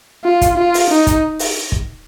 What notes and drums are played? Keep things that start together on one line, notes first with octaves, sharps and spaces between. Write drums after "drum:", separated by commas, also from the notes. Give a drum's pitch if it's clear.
F4
drum: kick, hi-hat
F4
drum: open hi-hat
D#4
drum: kick, hi-hat
drum: open hi-hat
drum: kick